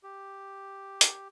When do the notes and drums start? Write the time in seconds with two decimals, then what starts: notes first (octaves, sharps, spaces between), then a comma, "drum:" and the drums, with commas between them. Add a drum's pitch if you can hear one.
0.03 G4
1.01 drum: hi-hat